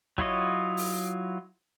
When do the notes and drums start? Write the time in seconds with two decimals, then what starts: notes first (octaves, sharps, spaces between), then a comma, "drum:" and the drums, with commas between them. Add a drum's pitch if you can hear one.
0.18 F#3 E4 F4 C#5 D#5, drum: kick
0.77 drum: open hi-hat